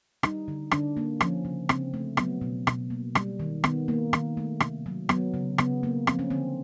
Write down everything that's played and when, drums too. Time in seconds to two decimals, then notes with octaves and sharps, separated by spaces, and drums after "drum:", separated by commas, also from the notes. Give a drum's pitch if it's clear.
0.23 G3 D#4, drum: rim click
0.48 D3
0.71 D3 D4, drum: rim click
0.97 A#3
1.21 F3 C#4, drum: rim click
1.45 C#3
1.69 C#3 C4, drum: rim click
1.94 A3
2.17 F#3 B3, drum: rim click
2.41 B2
2.67 B2, drum: rim click
2.90 A#3
3.15 G3, drum: rim click
3.40 D#3
3.64 D#3 B3, drum: rim click
3.88 A#3
4.13 D#3, drum: rim click
4.37 A3
4.60 C3, drum: rim click
4.86 F#3
5.09 F#3 B3, drum: rim click
5.34 C#3
5.58 C#3 B3, drum: rim click
5.83 A#3
6.07 F3 C4, drum: rim click
6.19 C#4
6.30 D3 C4